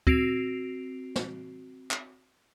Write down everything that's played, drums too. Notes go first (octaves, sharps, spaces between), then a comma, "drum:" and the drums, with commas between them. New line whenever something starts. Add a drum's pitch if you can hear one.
C4 F#4 C7 D7 F7, drum: kick
drum: snare
drum: clap